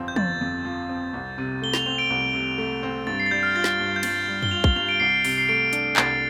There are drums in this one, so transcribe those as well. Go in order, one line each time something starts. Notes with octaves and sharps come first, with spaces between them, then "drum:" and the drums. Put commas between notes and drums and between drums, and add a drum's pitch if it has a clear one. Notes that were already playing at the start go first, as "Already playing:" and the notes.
Already playing: G1 F2 F3 C4
G6
G1 A6, drum: tom
F2
F3
C4
C2
C3
A3 G7
F7, drum: snare
C4 F7
D7
C2
C3
A3
C4
G2 A6
C7
A6
G3 G6
F6
F4 A6
drum: snare
G2
G6
G2 A6, drum: cymbal
G3
G7, drum: tom
F4 F7
G7, drum: kick
G2 F7
D7
C2 C7
C3, drum: open hi-hat
C7
A3 D7
D4, drum: hi-hat
C2 A6, drum: clap